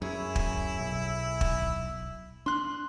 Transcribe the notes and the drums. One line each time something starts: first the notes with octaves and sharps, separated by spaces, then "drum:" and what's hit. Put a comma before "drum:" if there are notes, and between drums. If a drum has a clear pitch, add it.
F#2 E4 G#4 C#5
drum: kick
B1
drum: kick
D4 C6 F#6